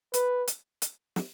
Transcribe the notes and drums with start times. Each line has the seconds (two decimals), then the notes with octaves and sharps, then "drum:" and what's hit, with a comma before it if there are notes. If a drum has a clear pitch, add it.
0.14 B4, drum: hi-hat
0.48 drum: hi-hat
0.82 drum: hi-hat
1.16 drum: snare